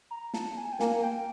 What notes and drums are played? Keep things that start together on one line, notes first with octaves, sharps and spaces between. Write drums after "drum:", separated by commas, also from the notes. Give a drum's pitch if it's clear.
A#5
A5, drum: snare
G#5
G5
A#3 G#5, drum: snare
G5